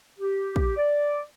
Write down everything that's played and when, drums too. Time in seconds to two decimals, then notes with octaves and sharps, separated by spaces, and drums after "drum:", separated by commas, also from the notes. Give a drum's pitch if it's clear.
0.19 G4
0.56 drum: kick
0.76 D5